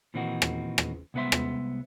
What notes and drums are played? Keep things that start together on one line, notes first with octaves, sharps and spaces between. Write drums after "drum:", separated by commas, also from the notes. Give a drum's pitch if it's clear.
A#2 D#3 E3 C4 D#4 F#4
drum: rim click
drum: rim click
C2 G#3 B3 C5 E5 C6
drum: rim click